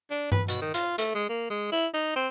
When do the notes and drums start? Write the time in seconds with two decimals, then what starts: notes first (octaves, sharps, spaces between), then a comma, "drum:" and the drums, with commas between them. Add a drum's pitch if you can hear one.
0.11 D4
0.32 B4, drum: tom G2
0.48 B2, drum: hi-hat
0.61 D#3
0.74 F4, drum: hi-hat
0.98 A3, drum: hi-hat
1.15 G#3
1.29 A#3
1.50 G#3
1.72 E4
1.94 D#4
2.16 C4